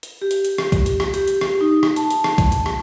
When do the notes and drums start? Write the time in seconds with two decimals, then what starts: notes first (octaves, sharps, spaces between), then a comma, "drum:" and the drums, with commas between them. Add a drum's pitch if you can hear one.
0.03 drum: hi-hat
0.22 G4
0.31 drum: hi-hat
0.45 drum: hi-hat
0.58 drum: rim click
0.72 drum: kick B1, hi-hat
0.86 drum: hi-hat
1.00 drum: rim click
1.14 G4, drum: hi-hat
1.28 drum: hi-hat
1.41 drum: rim click
1.61 D#4
1.83 drum: rim click
1.96 A5, drum: hi-hat
2.11 drum: hi-hat
2.24 drum: rim click
2.38 drum: kick B1, hi-hat
2.52 drum: hi-hat
2.66 drum: rim click